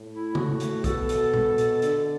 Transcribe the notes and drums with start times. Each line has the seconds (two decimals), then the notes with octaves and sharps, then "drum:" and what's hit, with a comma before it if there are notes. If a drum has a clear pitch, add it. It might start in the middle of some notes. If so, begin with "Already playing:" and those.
Already playing: A2
0.11 E4
0.35 A2 F#4, drum: tom C#3
0.60 drum: hi-hat
0.84 B2 A4, drum: kick B1, hi-hat
1.09 drum: hi-hat
1.34 drum: tom A#2
1.58 drum: hi-hat
1.82 D3 A4, drum: hi-hat